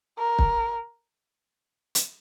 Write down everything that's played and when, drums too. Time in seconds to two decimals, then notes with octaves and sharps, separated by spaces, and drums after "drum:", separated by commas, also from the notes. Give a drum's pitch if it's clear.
0.19 A#4
0.39 drum: kick
1.95 drum: hi-hat